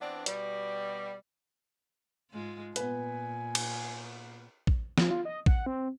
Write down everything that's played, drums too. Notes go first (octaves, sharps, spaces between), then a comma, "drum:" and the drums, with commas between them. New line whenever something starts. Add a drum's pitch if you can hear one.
E3 B3 C4 D4
B2 G3, drum: hi-hat
G#2 G#3 F4
A#2 B3 B4 G#5, drum: hi-hat
drum: cymbal
drum: kick
F3, drum: snare
F4
D#5
F#5, drum: kick
C4